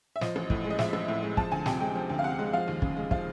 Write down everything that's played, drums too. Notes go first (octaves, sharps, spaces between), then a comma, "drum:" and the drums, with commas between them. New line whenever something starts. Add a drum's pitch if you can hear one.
E5
F3 D#5, drum: snare
A1
A2, drum: kick
G#3
D#5
F3 E5, drum: snare
A1
A2
G#3
F3 A5, drum: kick
D2 G#5
C3 G5, drum: snare
G#3 G5
F3
D2
F5
C3 F#5
G#3
F3 F5
D#2
C#3, drum: kick
G#3
F3 F5, drum: kick